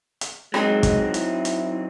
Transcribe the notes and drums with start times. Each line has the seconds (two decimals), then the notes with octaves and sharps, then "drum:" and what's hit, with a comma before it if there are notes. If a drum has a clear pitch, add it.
0.21 drum: hi-hat
0.54 F#3 G#3 C4 D#4, drum: rim click
0.83 drum: kick, hi-hat
1.14 E4, drum: hi-hat
1.45 drum: hi-hat